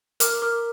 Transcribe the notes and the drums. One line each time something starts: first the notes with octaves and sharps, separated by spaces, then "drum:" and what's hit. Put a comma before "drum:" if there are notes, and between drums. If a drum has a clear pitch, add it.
A#4 D6 F6, drum: hi-hat
A#4 D6 F6